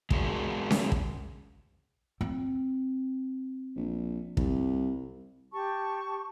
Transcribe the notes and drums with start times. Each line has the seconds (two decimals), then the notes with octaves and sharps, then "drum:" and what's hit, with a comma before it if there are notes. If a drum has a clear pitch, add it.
0.10 G#3 A#3 D4 F#4 G#4, drum: kick
0.71 drum: snare C#4
0.92 drum: kick
2.21 C4
3.76 A#1
4.37 C2, drum: kick
5.53 G4 A5 C#6